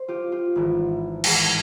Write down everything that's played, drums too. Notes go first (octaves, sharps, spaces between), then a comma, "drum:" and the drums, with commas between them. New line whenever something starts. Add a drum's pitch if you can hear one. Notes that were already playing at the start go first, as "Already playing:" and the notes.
Already playing: C5
F4 G4
F4 G4
G#1 G#2 E3
G#1 G#2 E3 G#4 A#4, drum: cymbal